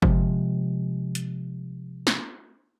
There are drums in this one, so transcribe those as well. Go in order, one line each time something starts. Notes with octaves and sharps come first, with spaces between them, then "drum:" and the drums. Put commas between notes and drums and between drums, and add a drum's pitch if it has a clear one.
C3 F3 G#3, drum: kick G1
drum: hi-hat
drum: snare